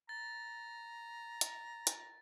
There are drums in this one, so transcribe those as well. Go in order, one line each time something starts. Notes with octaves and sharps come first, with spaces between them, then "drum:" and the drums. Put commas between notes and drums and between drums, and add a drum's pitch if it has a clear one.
A#5 A6
drum: hi-hat
drum: hi-hat